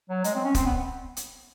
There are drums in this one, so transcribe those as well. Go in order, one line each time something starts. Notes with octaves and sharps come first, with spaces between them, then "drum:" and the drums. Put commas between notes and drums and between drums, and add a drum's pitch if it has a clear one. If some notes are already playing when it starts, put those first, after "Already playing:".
F#3
G#3, drum: hi-hat
C4
C#4
C4, drum: kick, hi-hat
B3
drum: hi-hat